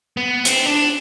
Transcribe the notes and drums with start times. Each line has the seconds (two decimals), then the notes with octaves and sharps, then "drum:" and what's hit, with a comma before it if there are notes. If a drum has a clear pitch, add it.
0.17 B3
0.45 C4, drum: hi-hat
0.66 D4